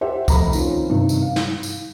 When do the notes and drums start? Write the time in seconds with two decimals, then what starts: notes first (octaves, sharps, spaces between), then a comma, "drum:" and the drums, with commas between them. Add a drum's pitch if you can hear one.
0.01 G4 C5 E5 F#5 G5
0.28 F1 A#5 B5, drum: kick, tambourine
0.53 D#3 C4 C#4 F4, drum: tambourine
0.89 G2 C3 D#3
1.09 drum: tambourine
1.22 F5
1.36 drum: snare
1.63 drum: tambourine